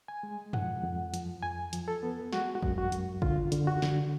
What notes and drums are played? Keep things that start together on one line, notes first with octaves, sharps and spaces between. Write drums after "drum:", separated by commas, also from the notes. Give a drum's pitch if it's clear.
G#5
G#3
F3 F#5, drum: tom F#2
F2
F3, drum: hi-hat
F2 G#5
F3, drum: hi-hat
A4
B3
G#3 F#4, drum: snare
F#4
F#2, drum: kick
F#4
F#2, drum: hi-hat
D3 F4, drum: kick
D3, drum: hi-hat
F#4
D3, drum: snare